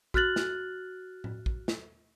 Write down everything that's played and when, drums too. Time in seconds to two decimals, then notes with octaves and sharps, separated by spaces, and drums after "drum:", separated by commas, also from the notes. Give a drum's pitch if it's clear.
0.14 F#4 F6 F#6 A6 F#7, drum: kick
0.36 drum: snare
1.24 drum: tom A2
1.46 drum: kick
1.68 drum: snare